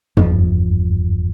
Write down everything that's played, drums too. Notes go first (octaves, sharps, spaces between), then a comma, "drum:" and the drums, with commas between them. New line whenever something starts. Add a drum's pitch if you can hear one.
F#1 E2 G2 F3, drum: tom